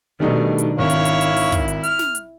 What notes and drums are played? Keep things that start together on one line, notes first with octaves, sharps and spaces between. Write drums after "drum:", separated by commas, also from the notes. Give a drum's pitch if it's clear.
B2 D#3 G3 A3 D4 D#4
drum: hi-hat
G#1 E4 C#5 F5
drum: hi-hat
drum: hi-hat
drum: hi-hat
drum: open hi-hat
drum: kick, hi-hat
drum: hi-hat
F6, drum: hi-hat
drum: snare
drum: hi-hat